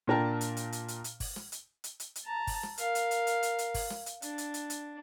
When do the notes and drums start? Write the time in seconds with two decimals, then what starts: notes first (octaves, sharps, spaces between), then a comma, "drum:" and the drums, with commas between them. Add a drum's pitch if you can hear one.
0.07 A#2 D4 A#4 G5 A5
0.41 drum: hi-hat
0.57 drum: hi-hat
0.72 drum: hi-hat
0.88 drum: hi-hat
1.04 drum: hi-hat
1.20 drum: kick G1, open hi-hat
1.36 drum: snare
1.52 drum: hi-hat
1.84 drum: hi-hat
2.00 drum: hi-hat
2.15 drum: hi-hat
2.25 A5 A#5
2.47 drum: kick G1, open hi-hat
2.63 drum: snare
2.78 A#4 F5, drum: hi-hat
2.95 drum: hi-hat
3.11 drum: hi-hat
3.27 drum: hi-hat
3.43 drum: hi-hat
3.59 drum: hi-hat
3.74 drum: kick G1, open hi-hat
3.90 drum: snare
4.06 drum: hi-hat
4.22 D4, drum: hi-hat
4.38 drum: hi-hat
4.54 drum: hi-hat
4.70 drum: hi-hat